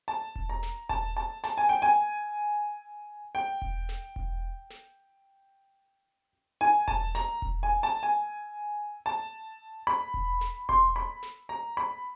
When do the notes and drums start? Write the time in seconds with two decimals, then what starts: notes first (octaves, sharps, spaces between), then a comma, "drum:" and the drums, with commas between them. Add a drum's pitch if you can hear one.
0.08 A5
0.36 drum: kick E1
0.49 A#5
0.63 drum: snare
0.89 A5, drum: kick E1
1.17 A5
1.44 A5, drum: snare
1.58 G#5
1.69 G5
1.82 G#5
3.35 G5
3.62 drum: kick E1
3.89 drum: snare
4.16 drum: kick E1
4.70 drum: snare
6.61 G#5, drum: tom D#4
6.88 A5, drum: kick E1
7.15 A#5, drum: snare
7.42 drum: kick E1
7.63 G#5
7.83 A5
8.03 G#5
9.06 A5
9.87 B5
10.14 drum: kick E1
10.41 drum: snare
10.69 C6, drum: kick E1
10.96 B5
11.23 drum: snare
11.49 A#5
11.77 B5